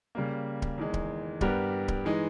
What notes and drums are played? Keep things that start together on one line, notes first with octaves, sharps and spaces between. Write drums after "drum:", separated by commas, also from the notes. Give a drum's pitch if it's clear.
C#3 G3 A#3
drum: kick D1
E2 D#3 G#3
drum: kick D1
G2 G3 B3 G4 A#4, drum: kick D1
drum: kick D1
E3 G#3 D#4